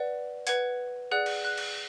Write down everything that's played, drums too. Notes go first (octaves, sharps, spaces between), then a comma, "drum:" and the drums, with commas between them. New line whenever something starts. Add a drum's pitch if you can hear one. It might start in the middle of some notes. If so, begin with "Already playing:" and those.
Already playing: B4 D5 F#5
B4 F#5 G#6, drum: hi-hat
G#4 D5 F#5 F#6
drum: cymbal
F#6
drum: cymbal